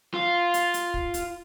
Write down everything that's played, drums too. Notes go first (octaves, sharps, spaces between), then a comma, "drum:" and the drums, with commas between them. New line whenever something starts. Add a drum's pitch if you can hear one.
F4
drum: hi-hat
drum: hi-hat
drum: kick
drum: hi-hat